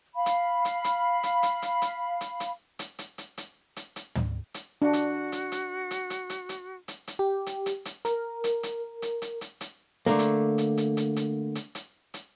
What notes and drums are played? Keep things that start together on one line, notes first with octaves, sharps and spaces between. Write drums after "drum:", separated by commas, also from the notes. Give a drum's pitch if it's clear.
F5 B5
drum: hi-hat
drum: hi-hat
drum: hi-hat
drum: hi-hat
drum: hi-hat
drum: hi-hat
drum: hi-hat
drum: hi-hat
drum: hi-hat
drum: hi-hat
drum: hi-hat
drum: hi-hat
drum: hi-hat
drum: hi-hat
drum: hi-hat
drum: tom
drum: hi-hat
D4 F#4
drum: hi-hat
drum: hi-hat
drum: hi-hat
drum: hi-hat
drum: hi-hat
drum: hi-hat
drum: hi-hat
drum: hi-hat
drum: hi-hat
G4
drum: hi-hat
drum: hi-hat
drum: hi-hat
A#4, drum: hi-hat
drum: hi-hat
drum: hi-hat
drum: hi-hat
drum: hi-hat
drum: hi-hat
drum: hi-hat
D3 A3 A#3
drum: hi-hat
drum: hi-hat
drum: hi-hat
drum: hi-hat
drum: hi-hat
drum: hi-hat
drum: hi-hat
drum: hi-hat